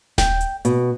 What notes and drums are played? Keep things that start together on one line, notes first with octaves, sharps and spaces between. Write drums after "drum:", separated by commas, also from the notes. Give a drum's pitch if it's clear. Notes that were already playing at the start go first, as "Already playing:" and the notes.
G5, drum: snare D#1
drum: hi-hat
B2, drum: hi-hat